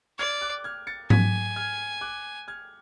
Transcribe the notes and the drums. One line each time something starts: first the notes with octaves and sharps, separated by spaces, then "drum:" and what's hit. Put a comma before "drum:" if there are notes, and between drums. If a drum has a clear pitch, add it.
D5 F6 G#6
D6 F#6
F6 G#6
A6 C#7
G#5 G#6 B6, drum: tom G#2
F6 G#6
D6 F#6
F6 G#6